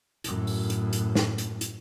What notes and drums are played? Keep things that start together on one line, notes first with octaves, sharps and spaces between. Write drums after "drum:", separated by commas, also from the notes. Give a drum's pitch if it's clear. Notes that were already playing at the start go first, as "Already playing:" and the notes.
F#2 A2, drum: hi-hat
drum: open hi-hat
drum: hi-hat
drum: hi-hat
drum: snare
drum: hi-hat
drum: hi-hat